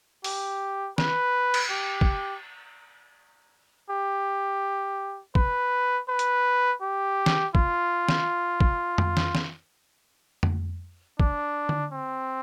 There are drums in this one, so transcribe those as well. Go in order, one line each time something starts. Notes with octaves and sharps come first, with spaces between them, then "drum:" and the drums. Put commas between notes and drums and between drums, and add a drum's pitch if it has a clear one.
G4, drum: open hi-hat
B4, drum: snare
drum: cymbal
G4
drum: kick
G4
B4, drum: kick
B4
drum: hi-hat
G4
drum: snare
F4, drum: kick
drum: snare
drum: kick
drum: tom F2
drum: snare
drum: snare
drum: tom F2
D4, drum: kick
drum: tom D3
C4